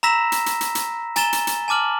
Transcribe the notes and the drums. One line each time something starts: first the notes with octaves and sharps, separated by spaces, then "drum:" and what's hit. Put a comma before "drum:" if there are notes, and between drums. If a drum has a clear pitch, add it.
A#5 B5 E6 A#6 B6 E7
drum: hi-hat
drum: hi-hat
drum: hi-hat
drum: hi-hat
G#5 A#5 A6 E7 G7, drum: hi-hat
drum: hi-hat
drum: hi-hat
G#5 A5 D6 F6 F#7